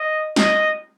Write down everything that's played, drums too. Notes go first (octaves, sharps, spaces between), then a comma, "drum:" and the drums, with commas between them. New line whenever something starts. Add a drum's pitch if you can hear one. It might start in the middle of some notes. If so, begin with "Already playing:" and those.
Already playing: D#5
D#5, drum: snare